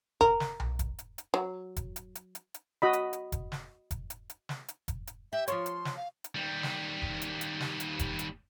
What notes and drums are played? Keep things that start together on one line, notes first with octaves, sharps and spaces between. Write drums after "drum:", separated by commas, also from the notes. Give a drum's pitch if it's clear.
A#4, drum: kick F1
drum: snare
drum: tom B1
drum: kick F1, hi-hat
drum: hi-hat
drum: hi-hat
F#3
drum: kick F1, hi-hat
drum: hi-hat
drum: hi-hat
drum: hi-hat
drum: hi-hat
F#4 D#5 B5
drum: hi-hat
drum: hi-hat
drum: kick F1, hi-hat
drum: snare
drum: kick F1, hi-hat
drum: hi-hat
drum: hi-hat
drum: snare
drum: hi-hat
drum: kick F1, hi-hat
drum: hi-hat
G4 E5
F3 F4 C#5 C6, drum: hi-hat
drum: hi-hat
drum: snare
F5
drum: hi-hat
D#2 G3
drum: snare
drum: kick F1
drum: hi-hat
drum: hi-hat
drum: snare
drum: hi-hat
drum: kick F1, hi-hat
drum: hi-hat